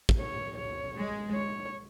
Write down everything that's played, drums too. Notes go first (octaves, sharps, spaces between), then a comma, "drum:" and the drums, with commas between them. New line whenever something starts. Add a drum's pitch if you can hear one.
drum: kick
C#5
C#5
G#3
C#5